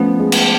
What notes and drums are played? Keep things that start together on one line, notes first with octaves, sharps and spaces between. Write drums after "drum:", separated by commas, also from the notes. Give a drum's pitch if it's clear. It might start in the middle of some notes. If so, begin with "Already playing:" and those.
Already playing: F3 A3 B3 C#4
G#3
drum: cymbal